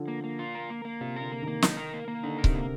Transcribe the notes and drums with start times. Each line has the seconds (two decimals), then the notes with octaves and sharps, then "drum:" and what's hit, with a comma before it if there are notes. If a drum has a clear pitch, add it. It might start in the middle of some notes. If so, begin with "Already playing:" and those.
Already playing: D3 F3
0.08 A#3
0.24 A#3
0.39 F4
0.55 A#4
0.70 A#3
0.85 A#3
1.01 C3 F4
1.16 D3 A#4
1.32 A#3
1.42 D#3
1.47 A#3
1.62 D#4, drum: snare
1.77 A#4
1.94 A#3
2.08 A#3
2.23 D3 D#4
2.38 A#4
2.44 C3, drum: kick C#1
2.55 A#3